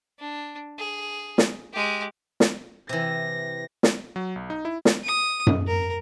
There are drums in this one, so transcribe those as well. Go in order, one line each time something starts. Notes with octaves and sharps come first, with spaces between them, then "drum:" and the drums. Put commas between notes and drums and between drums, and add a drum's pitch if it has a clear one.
D4
G#4
drum: snare
G#3 G4
drum: snare
C3 E3 A#6
drum: snare
F#3
B1
D#4
E4
drum: snare
D#6
drum: tom F#2
A#4